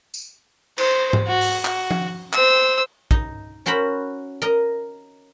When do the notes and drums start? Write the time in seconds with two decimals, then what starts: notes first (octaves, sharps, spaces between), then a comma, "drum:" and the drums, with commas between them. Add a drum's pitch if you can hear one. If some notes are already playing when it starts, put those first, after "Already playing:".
0.14 drum: tambourine
0.78 C5, drum: cymbal
1.13 drum: tom G#2
1.27 F#4
1.41 drum: open hi-hat
1.65 F#4, drum: clap
1.91 drum: tom F3
2.33 C5 E6, drum: clap
3.11 D#4, drum: kick
3.66 C#4 F#4 A#4 C5 B5
4.42 A#4 D#5